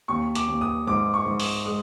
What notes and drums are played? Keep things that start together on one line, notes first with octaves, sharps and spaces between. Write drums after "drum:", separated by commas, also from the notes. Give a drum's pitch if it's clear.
D#2 C#6
D6, drum: hi-hat
D#2
D#6
G#2 D6
C#6
G#2
D#6, drum: open hi-hat
G#3 D#6